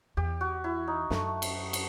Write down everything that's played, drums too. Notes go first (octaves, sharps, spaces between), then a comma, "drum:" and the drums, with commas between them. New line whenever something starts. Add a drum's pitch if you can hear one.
E2 G4
F#4
E4
D#4
F#2 A3, drum: snare
drum: cymbal
drum: cymbal